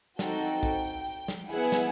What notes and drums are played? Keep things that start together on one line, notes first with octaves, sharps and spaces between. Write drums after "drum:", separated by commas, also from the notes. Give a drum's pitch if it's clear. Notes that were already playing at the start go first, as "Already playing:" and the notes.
C4 D#4 F#4 A4 G5, drum: snare
drum: tambourine
drum: kick, tambourine
drum: tambourine
drum: tambourine
drum: snare
B3 E4 G#4 F#5, drum: tambourine
drum: snare